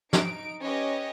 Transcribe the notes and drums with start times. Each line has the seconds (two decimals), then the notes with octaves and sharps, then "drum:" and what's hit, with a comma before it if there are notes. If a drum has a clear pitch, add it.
0.13 D#4 D7, drum: snare
0.62 C#4 G4 B4 C#5 D#5